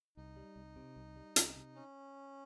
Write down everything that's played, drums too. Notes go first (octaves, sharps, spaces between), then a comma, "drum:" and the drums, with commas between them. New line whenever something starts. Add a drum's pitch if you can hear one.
C2 D#4
G3
C2
C3
C2
G3
C2, drum: hi-hat
C3
C#4